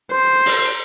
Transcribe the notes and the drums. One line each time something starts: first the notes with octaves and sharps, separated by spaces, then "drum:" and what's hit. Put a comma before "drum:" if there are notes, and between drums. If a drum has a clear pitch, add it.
C5
drum: open hi-hat